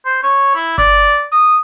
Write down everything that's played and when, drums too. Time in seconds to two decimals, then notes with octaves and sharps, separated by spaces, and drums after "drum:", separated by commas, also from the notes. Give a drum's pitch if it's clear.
0.05 C5
0.23 C#5
0.55 E4
0.78 D5, drum: kick G1
1.32 D#6, drum: hi-hat